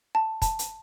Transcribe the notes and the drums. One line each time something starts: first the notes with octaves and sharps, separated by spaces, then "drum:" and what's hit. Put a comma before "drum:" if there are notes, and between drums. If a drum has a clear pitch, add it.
A5
A5, drum: kick, hi-hat
drum: hi-hat